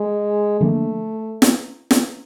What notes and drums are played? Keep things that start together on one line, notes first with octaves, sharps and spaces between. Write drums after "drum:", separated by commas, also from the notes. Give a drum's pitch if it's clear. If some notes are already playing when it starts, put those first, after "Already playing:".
Already playing: G#3
D3 F3 A3 A#3 D4
drum: snare
drum: snare